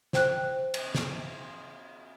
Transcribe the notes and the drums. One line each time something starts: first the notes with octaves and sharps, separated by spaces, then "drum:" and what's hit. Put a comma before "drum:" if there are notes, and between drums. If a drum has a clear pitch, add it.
C5 G5 F#6, drum: snare
drum: cymbal
drum: snare